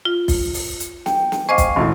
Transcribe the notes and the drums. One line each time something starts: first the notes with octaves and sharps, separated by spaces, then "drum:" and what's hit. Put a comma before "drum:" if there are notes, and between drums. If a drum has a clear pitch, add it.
F4
drum: kick, open hi-hat
drum: open hi-hat
drum: hi-hat
G5, drum: snare
drum: snare
C5 D#5 F5 G#5 C#6 D6 C7
drum: kick, hi-hat
G#1 A2